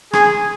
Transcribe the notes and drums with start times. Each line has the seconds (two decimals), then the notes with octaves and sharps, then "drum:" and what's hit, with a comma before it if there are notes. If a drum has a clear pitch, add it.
0.13 G#4, drum: rim click